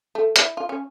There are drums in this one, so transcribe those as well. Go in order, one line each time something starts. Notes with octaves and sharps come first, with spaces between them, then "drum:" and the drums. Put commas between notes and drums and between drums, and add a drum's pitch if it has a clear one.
A3
E4, drum: hi-hat
F4
C#4